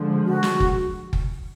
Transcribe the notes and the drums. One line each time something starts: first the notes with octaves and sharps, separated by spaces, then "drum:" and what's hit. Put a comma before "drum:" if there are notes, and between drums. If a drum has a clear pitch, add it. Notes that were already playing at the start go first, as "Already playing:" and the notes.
Already playing: D3 F3 G#3
F#4
drum: snare
drum: kick F#1
drum: kick F#1